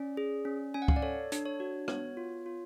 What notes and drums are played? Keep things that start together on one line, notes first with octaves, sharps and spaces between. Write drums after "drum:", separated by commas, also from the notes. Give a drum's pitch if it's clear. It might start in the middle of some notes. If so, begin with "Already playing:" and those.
Already playing: C#4 D5
G#4
C#4
C#4 G#5
F#5
F5, drum: kick C#2
D5
A4 C#5
D4, drum: hi-hat
C#5
F#4
B3 C#5, drum: rim click
F4
F4